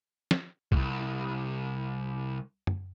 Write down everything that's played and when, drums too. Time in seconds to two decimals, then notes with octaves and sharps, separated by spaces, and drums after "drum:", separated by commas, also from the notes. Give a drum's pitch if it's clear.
0.31 drum: snare
0.72 C2 G#2, drum: kick B1
2.67 drum: tom